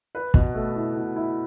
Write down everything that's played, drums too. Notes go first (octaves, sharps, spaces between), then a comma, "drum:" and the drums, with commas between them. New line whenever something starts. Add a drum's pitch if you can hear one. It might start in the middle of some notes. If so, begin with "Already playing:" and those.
B4
B2, drum: kick
A3
E4
B2
E4